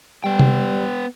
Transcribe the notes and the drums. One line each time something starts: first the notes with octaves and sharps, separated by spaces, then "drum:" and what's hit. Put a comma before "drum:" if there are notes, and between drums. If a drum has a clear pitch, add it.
G3 B3 G5
drum: tom C3